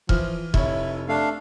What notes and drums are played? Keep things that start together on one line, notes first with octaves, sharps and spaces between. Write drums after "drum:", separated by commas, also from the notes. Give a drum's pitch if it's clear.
E3 F3 F6, drum: kick E1
F1 E4 C#5, drum: kick E1
A3 D4 F5